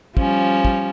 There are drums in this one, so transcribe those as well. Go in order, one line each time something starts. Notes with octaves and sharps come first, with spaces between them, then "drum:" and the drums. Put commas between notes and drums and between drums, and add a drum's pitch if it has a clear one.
F3 G3 C#4, drum: kick
drum: kick